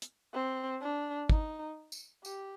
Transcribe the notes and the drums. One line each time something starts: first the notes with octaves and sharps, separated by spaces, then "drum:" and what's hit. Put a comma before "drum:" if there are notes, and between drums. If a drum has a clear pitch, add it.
drum: hi-hat
C4
D4
D#4, drum: kick
drum: tambourine
G4, drum: tambourine